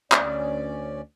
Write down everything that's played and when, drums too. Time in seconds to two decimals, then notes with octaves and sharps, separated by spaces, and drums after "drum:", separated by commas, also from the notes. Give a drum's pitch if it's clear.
0.12 D2 C#4 D5, drum: clap